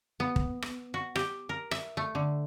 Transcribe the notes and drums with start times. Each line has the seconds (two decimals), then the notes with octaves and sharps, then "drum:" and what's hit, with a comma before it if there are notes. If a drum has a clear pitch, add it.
0.20 B3
0.36 drum: kick
0.62 drum: rim click
0.94 F#4
1.16 G4, drum: rim click
1.49 A#4
1.71 E5, drum: rim click
1.97 A3
2.15 D3